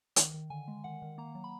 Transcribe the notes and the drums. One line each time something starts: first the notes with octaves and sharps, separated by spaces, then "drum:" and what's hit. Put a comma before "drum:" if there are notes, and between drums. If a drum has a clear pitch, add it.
D#3, drum: hi-hat
D#3
D3 G#5
G#3
D#3 F#5
D#3
A#3 A#5
F#3
B5